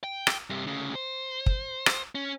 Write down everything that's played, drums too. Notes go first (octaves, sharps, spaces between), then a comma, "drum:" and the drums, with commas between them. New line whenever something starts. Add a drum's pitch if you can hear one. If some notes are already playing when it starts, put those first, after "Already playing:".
G5
drum: rim click
G2 C3
D2 C#3
C5
drum: kick
drum: rim click
C#4